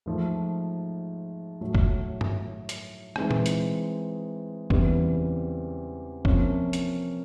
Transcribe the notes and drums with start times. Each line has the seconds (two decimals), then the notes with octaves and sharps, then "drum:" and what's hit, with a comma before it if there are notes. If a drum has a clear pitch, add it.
0.06 G#2 F3 A3
1.61 A2 F#3 A3
1.75 drum: kick F#1
2.21 drum: tom G2
2.69 drum: hi-hat
3.16 E3 G#3 C4 D#4, drum: rim click
3.31 drum: tom A#2
3.46 drum: hi-hat
4.70 E2 C#3 E3 G3 C4, drum: kick F#1
6.25 C3 F3 A#3 C#4, drum: kick F#1
6.73 drum: hi-hat